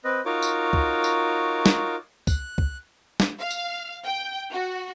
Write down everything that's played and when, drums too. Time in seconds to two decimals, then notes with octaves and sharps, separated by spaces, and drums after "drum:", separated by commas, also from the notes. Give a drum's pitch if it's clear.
0.04 C4 B4 D#5
0.26 D#4 F4 F#4 A#4 C#5 D6
0.42 drum: tambourine
0.73 drum: kick
1.04 drum: tambourine
1.66 drum: snare
2.27 F#6, drum: kick, tambourine
2.58 drum: kick
3.20 drum: snare
3.39 F5
3.51 drum: tambourine
4.05 G5
4.52 F#4